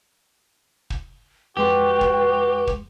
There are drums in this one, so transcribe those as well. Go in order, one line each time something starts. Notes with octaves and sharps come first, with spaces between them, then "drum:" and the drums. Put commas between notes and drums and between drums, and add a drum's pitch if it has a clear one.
drum: kick
F2 G#3 F#4 G4 B4 C6
drum: kick
drum: kick